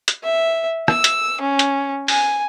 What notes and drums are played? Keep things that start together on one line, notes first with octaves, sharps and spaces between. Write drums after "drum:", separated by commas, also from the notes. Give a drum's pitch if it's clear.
drum: hi-hat
E5
E6, drum: rim click
drum: hi-hat
C#4
drum: hi-hat
G#5, drum: open hi-hat